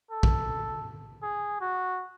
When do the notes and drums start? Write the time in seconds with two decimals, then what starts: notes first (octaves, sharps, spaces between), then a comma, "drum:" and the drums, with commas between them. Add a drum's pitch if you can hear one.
0.11 A4
0.23 drum: kick A#1
1.23 G#4
1.61 F#4